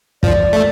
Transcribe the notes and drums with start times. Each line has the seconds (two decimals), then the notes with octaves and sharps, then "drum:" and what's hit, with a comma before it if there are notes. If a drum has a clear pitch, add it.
0.23 F3 D5, drum: kick
0.53 A3